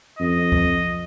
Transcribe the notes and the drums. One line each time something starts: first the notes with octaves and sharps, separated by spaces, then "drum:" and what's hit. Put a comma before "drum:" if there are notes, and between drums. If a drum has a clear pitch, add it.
F2 D#5
drum: kick C2